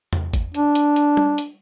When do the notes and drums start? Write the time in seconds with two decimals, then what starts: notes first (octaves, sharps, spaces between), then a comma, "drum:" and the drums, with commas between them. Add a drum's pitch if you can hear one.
0.13 drum: tom E2
0.34 drum: kick, hi-hat
0.54 D4, drum: hi-hat
0.75 drum: hi-hat
0.96 drum: hi-hat
1.17 drum: tom G3
1.38 drum: hi-hat